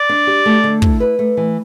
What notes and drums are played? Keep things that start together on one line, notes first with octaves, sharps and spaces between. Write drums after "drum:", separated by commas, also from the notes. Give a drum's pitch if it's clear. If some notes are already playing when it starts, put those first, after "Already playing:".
Already playing: D5
D4
G4
A3
D3
E4, drum: kick
B4
A3
E3